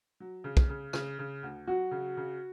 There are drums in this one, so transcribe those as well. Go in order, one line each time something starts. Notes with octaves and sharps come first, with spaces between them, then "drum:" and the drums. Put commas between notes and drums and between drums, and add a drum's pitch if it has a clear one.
F#3
C#3
drum: kick
C#3
C#3, drum: rim click
C#3
D2
F#3 F#4
C#3
C#3